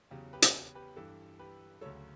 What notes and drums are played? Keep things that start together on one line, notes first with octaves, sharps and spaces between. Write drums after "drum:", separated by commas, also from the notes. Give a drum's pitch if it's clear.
E2 C#3 F#3 G4
G4 B4
drum: hi-hat
G4 B4
G2 E3 A4
G4 B4
D2 C#3 F#3 A4 C#5